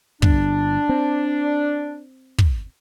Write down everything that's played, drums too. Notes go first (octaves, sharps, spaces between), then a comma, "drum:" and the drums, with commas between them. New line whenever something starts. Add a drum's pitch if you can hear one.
G1 D4, drum: kick
C4
drum: kick